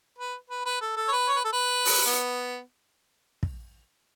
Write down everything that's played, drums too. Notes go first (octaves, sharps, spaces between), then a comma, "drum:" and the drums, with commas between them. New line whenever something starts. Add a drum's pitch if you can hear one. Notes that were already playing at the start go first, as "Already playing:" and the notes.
B4
B4
B4
A4
A4
C#5
B4
C#5
B4
A4
B4
drum: open hi-hat
B3
drum: kick